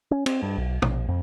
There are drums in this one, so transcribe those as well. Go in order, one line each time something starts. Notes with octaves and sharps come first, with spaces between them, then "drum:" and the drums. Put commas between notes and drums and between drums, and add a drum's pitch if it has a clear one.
C#4
C4, drum: cymbal
G2
B1
A#1, drum: tom
F2